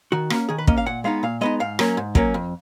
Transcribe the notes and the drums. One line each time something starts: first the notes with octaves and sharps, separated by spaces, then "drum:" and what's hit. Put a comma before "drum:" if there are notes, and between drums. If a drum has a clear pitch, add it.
D#3 F#4
A#3 C#4, drum: rim click
D#3 G#4
B4
A#3 C#4 D#5, drum: kick
F5
A#2 F#5
G#3 B3 D#4 F5
A#2 F5
G#3 B3 D#4 D#5
G#2 F5
F#3 A#3 C#4, drum: rim click
G#2
F#3 A#3 C#4, drum: kick
F2